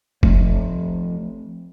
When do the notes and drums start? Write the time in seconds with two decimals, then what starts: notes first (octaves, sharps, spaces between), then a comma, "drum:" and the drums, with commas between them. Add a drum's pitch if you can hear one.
0.23 F3 A3 C4, drum: kick F#1